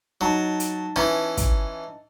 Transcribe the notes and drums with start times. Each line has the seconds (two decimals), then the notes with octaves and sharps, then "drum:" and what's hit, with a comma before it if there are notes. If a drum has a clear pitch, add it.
0.21 F#3 D#4 A5
0.60 drum: hi-hat
0.96 E3 C#4, drum: rim click
1.37 drum: kick, hi-hat